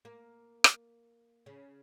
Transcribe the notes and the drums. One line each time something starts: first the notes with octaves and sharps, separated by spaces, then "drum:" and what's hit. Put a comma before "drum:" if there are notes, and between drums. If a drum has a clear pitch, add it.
A#3
drum: rim click
C#3